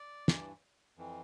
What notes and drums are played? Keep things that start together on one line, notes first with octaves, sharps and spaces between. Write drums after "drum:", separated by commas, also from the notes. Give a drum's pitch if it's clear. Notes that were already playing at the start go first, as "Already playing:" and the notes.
Already playing: D5
G2 E3, drum: snare
F2 E3